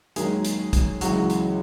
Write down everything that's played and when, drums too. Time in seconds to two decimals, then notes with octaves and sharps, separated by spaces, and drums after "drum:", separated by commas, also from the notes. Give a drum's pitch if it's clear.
0.16 D#2 D#3 F#3 G#3 A#3 G#4, drum: hi-hat
0.45 drum: hi-hat
0.73 drum: kick, hi-hat
1.01 C#2 C#3 E3 F#3 F#4, drum: hi-hat
1.30 drum: hi-hat